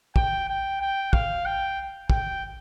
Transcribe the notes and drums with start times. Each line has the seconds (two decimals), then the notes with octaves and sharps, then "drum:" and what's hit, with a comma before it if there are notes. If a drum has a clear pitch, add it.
0.16 G5, drum: kick
0.49 G5
0.81 G5
1.13 F5, drum: kick
1.45 G5
2.10 G5, drum: kick